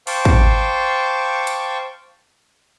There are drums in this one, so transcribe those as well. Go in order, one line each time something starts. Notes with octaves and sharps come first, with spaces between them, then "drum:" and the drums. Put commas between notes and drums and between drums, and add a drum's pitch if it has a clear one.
C5 F5 G5 A5 C#6 D6, drum: open hi-hat
drum: kick
drum: hi-hat